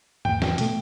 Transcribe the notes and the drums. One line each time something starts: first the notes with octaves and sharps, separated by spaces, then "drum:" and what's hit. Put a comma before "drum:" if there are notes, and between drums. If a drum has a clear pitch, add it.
E2 G5, drum: tom G#2
drum: snare
B2 A3, drum: hi-hat